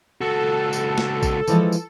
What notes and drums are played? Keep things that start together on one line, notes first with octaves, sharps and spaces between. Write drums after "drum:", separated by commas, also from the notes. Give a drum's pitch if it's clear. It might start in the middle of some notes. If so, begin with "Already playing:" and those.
C#2 F#4 A4
drum: tambourine
drum: snare
drum: kick A#1, tambourine
E3 F3 G#3, drum: tambourine
drum: tambourine